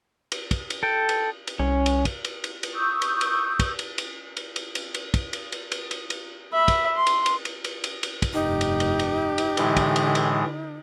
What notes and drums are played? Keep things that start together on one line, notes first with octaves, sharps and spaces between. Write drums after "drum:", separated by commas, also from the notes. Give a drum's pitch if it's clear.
drum: cymbal
drum: kick, cymbal
drum: cymbal
A4 G5
drum: cymbal
drum: cymbal
C2 C#4
drum: cymbal
drum: kick, cymbal
drum: cymbal
drum: cymbal
drum: cymbal
C#6 D#6 E6 G6
drum: cymbal
drum: cymbal
drum: kick, cymbal
drum: cymbal
drum: cymbal
drum: cymbal
drum: cymbal
drum: cymbal
drum: cymbal
drum: kick, cymbal
drum: cymbal
drum: cymbal
drum: cymbal
drum: cymbal
drum: cymbal
E5 B5
drum: kick, cymbal
C6
drum: cymbal
drum: cymbal
drum: cymbal
drum: cymbal
drum: cymbal
drum: cymbal
drum: kick, cymbal
F1 G2 D#4 G4
drum: cymbal
drum: cymbal
drum: cymbal
drum: cymbal
A2 D3 E3 G#3, drum: cymbal
drum: kick, cymbal
drum: cymbal
drum: cymbal